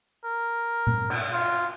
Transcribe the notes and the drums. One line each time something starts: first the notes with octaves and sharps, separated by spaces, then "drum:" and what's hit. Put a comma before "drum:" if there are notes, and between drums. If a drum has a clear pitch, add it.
A#4
drum: tom A#2
drum: cymbal
F4